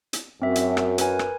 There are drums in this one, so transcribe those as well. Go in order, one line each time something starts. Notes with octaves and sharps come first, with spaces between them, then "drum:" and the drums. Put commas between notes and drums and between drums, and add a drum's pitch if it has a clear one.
drum: hi-hat
F#2 C4 E5
drum: hi-hat
drum: rim click
A#4 B4 G#5, drum: hi-hat
drum: rim click